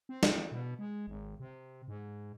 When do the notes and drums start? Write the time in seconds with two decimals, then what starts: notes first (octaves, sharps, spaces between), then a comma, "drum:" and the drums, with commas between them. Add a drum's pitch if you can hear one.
0.09 C4
0.23 drum: snare
0.52 B2
0.79 G#3
1.07 G#1
1.40 C3
1.88 G#2